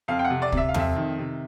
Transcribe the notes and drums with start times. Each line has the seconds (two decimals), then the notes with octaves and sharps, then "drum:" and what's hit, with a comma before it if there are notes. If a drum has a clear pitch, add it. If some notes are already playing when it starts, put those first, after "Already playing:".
0.08 F2 F5
0.19 G5
0.25 F#5
0.30 C3
0.42 D5
0.52 C3 E5, drum: kick
0.69 F5
0.74 F2, drum: tom E2
0.79 E5
0.96 D#3
1.19 C3